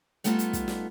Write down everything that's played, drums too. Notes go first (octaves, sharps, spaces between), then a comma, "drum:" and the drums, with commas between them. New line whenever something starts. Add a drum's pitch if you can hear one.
G3 A3 B3 D#4 F4 A4, drum: hi-hat
drum: hi-hat
drum: kick, hi-hat
drum: snare